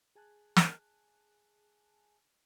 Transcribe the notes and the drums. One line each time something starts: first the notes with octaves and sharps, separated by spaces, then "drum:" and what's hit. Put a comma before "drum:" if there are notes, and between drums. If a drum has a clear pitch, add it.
G#4 G#5 A5 F#6
drum: snare